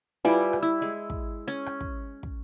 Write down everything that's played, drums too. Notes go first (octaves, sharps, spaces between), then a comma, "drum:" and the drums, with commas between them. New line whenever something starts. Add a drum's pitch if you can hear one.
G3 E4 F4 B4 G5 G#5
drum: rim click
E4 E6
G#3
drum: kick
C#4
drum: rim click
drum: kick
drum: kick